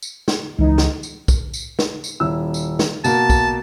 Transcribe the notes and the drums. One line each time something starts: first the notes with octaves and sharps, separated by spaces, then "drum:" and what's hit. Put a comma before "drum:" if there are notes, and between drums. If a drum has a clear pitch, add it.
drum: tambourine
drum: snare
C#2 E3 D#4
drum: snare
drum: tambourine
drum: kick, tambourine
drum: tambourine
drum: snare
drum: tambourine
D#1 E4 E6
drum: tambourine
drum: snare
B2 A#3 A5, drum: tambourine
drum: kick, tambourine